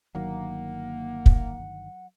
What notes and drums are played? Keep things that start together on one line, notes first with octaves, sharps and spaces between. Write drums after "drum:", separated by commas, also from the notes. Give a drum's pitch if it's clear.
G1 D#3 F#3 A#3 F#5
drum: kick